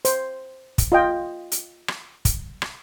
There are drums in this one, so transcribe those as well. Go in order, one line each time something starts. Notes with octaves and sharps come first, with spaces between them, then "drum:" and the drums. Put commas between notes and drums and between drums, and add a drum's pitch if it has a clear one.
C5, drum: hi-hat
drum: kick, hi-hat
F4 D#5 G5
drum: hi-hat
drum: rim click
drum: kick, hi-hat
drum: rim click